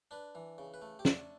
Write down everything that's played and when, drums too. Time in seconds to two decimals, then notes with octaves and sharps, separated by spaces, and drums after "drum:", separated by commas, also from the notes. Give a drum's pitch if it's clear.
0.11 D4 B4
0.35 E3
0.58 C#3
0.74 B4
0.82 A3
0.99 G4
1.05 D4 A4, drum: snare